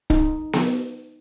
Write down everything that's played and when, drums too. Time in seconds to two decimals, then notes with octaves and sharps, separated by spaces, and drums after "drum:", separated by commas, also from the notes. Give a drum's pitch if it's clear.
0.10 D#4, drum: kick
0.53 drum: snare B3